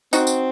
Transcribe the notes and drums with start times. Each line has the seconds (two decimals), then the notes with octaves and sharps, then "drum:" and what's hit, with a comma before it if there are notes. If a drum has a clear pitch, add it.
0.13 C4 D#4 F#4, drum: tambourine
0.27 drum: tambourine